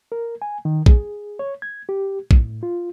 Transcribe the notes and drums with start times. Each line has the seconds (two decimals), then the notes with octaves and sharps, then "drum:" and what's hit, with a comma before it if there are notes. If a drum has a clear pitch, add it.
0.12 A#4
0.42 G#5
0.65 D#3
0.86 G#4, drum: kick
1.39 C#5
1.62 G#6
1.89 G4
2.31 A2, drum: kick
2.63 F4